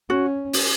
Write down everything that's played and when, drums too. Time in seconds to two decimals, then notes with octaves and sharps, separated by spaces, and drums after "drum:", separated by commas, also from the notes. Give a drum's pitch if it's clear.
0.10 C#4 F#4
0.53 drum: open hi-hat